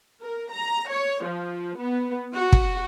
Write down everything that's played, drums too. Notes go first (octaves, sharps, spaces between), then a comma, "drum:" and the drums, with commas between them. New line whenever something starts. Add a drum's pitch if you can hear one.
A#4
A#5
C#5
F3
B3
F#4
drum: kick